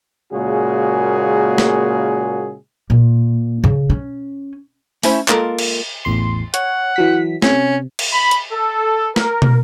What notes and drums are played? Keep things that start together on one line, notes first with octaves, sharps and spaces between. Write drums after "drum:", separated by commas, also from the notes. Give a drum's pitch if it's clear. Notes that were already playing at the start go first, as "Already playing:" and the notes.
A#2 C#3 G#3 A#3 F#4 G#4
drum: snare
A#2
C#3
C#4
A3 C#4 E4 C5, drum: open hi-hat
G#3 A#3 F4 A4 A#4, drum: clap
drum: cymbal
A1 E2 C6
C#5 F#5, drum: hi-hat
E3 F#3 B6
C3 C#4, drum: snare
drum: cymbal
B5
drum: hi-hat
A4
A#4, drum: snare
drum: tom